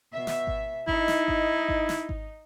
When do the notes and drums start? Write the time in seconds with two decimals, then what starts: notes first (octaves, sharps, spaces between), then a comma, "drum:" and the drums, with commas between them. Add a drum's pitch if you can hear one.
0.13 B2 E5
0.27 drum: snare
0.47 drum: kick G#1
0.88 D#4 E4, drum: kick G#1
1.08 drum: snare
1.28 drum: kick G#1
1.69 drum: kick G#1
1.89 drum: snare
2.09 drum: kick G#1